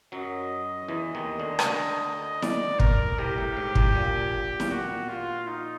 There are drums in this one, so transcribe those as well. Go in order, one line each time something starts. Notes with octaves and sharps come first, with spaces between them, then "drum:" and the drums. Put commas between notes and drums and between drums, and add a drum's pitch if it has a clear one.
F#2 F#3 D#5
E2 E3
D#2 D#3
D2 D3
C#3, drum: rim click
D2 D3
D5, drum: snare E4
A#4, drum: kick
C2 C3 G4
A2
G#2
C2 C3, drum: kick
A#1 A#2
drum: snare E4
F#4
F4
D#4